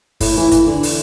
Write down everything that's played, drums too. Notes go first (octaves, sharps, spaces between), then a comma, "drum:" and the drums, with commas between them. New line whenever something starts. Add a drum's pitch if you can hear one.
A2, drum: kick, open hi-hat
E3
E3, drum: kick, hi-hat
D3
drum: open hi-hat